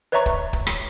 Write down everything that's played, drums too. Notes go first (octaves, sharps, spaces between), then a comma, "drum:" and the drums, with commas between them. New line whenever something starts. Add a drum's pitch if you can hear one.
B4 C#5 D5 E5 A#5 C#6
drum: kick
drum: kick
drum: rim click